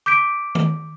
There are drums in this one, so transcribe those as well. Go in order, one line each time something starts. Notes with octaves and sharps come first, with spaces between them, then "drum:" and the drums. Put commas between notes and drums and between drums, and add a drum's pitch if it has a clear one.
D6 G6 B6 D7
drum: tom D#3